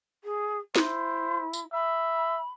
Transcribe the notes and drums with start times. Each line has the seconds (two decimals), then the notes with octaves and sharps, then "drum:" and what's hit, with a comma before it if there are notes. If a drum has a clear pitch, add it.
0.24 G#4
0.76 E4 C5, drum: snare
1.53 drum: tambourine
1.73 E5 B5